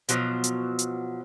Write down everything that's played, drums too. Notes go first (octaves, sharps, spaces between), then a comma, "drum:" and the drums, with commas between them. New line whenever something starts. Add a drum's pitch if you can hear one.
B2 F3 F#3, drum: hi-hat
drum: hi-hat
drum: hi-hat